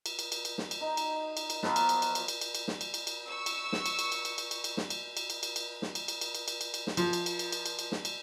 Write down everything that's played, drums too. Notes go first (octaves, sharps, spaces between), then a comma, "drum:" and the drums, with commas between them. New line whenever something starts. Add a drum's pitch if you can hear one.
drum: cymbal
drum: cymbal
drum: cymbal
drum: cymbal
drum: snare
drum: cymbal
D#4
drum: cymbal
drum: cymbal
drum: cymbal
F3 F#3 B3, drum: snare
drum: cymbal
drum: cymbal
drum: cymbal
drum: cymbal
drum: cymbal
drum: cymbal
drum: cymbal
drum: snare
drum: cymbal
drum: cymbal
drum: cymbal
C#6 E6
drum: cymbal
drum: snare
drum: cymbal
drum: cymbal
drum: cymbal
drum: cymbal
drum: cymbal
drum: cymbal
drum: cymbal
drum: snare
drum: cymbal
drum: cymbal
drum: cymbal
drum: cymbal
drum: cymbal
drum: snare
drum: cymbal
drum: cymbal
drum: cymbal
drum: cymbal
drum: cymbal
drum: cymbal
drum: cymbal
drum: snare
F3, drum: cymbal
drum: cymbal
drum: cymbal
drum: cymbal
drum: cymbal
drum: cymbal
drum: cymbal
drum: snare
drum: cymbal